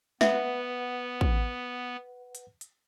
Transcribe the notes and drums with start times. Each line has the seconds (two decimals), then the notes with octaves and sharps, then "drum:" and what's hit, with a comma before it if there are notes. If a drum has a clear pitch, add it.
0.21 B3 B4 E5 F#5, drum: snare
1.21 drum: kick
2.35 drum: hi-hat
2.61 drum: hi-hat